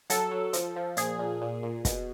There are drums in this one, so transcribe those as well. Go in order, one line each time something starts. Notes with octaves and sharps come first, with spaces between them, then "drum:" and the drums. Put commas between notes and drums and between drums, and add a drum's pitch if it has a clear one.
F#3 A4, drum: hi-hat
F#3
F3, drum: hi-hat
F3
A#2 G#4, drum: hi-hat
A#2
A#2
A#2
B2, drum: kick, hi-hat